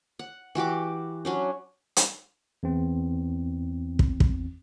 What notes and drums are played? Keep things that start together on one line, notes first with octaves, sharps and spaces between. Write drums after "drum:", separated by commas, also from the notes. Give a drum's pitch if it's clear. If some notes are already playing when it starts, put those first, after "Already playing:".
F#5
E3 F#4 G4 D6
F#3 C#4 D4
drum: hi-hat
E2 C4
drum: kick
drum: kick